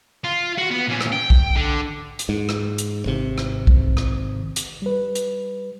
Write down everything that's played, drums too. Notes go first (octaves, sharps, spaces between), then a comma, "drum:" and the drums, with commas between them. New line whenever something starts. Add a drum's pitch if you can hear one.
F4
F#4
B3
A#2 C#4
drum: rim click
G5
drum: kick B1
D3
drum: hi-hat
G#2
drum: rim click
drum: hi-hat
G#1 C3
drum: rim click
drum: kick B1
drum: rim click
drum: hi-hat
G3 B4
drum: hi-hat